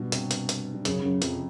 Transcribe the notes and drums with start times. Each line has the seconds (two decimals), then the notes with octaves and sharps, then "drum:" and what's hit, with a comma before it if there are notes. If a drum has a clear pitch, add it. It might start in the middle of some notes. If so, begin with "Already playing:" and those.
Already playing: G2 B2
0.12 C3, drum: hi-hat
0.31 drum: hi-hat
0.49 drum: hi-hat
0.74 G2
0.85 F#2 C#3, drum: hi-hat
0.99 G2
1.04 F#2
1.22 F2 C3, drum: hi-hat